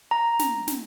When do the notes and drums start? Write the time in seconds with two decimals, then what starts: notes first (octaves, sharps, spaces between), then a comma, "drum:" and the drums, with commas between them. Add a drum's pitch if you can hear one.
0.11 A#5
0.39 drum: snare
0.68 drum: snare